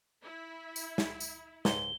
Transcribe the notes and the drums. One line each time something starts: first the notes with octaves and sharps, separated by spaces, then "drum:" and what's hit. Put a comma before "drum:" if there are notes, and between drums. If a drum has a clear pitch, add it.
E4
drum: tambourine
drum: snare
drum: tambourine
C#2 G#2 G7, drum: snare